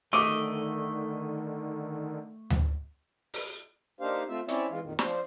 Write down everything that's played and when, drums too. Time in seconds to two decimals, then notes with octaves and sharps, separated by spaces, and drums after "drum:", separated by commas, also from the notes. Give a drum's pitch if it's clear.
0.13 D3 D#3 A3 D#5 D6
2.50 drum: tom D2
3.34 drum: open hi-hat
4.00 A#3 D4 D#4 G4 C5 F5
4.29 A3 C4 F4 E5
4.48 C4 C#4 E4 C#5 D5 E5, drum: hi-hat
4.70 E3 G#3 F4
4.83 F2 A#2 D#3
4.99 F3 D4 C5, drum: snare